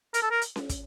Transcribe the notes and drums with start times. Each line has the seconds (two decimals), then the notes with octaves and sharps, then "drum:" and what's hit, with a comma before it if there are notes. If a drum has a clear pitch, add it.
0.14 A#4, drum: hi-hat
0.22 A4
0.31 A#4
0.42 drum: hi-hat
0.56 drum: snare C#4
0.70 drum: kick, hi-hat